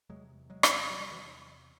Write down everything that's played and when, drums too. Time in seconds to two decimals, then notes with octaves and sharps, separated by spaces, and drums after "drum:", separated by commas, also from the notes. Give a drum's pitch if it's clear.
0.09 E2 C3 F#3 G#3
0.50 F#3 G#3
0.63 drum: rim click
0.90 F#3
1.00 G3
1.11 E3 F#3